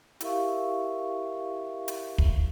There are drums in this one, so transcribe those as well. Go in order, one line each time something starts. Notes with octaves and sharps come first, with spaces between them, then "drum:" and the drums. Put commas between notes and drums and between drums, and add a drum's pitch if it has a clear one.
E4 G4 A#4 E5 F5 C#6, drum: hi-hat
drum: hi-hat
drum: kick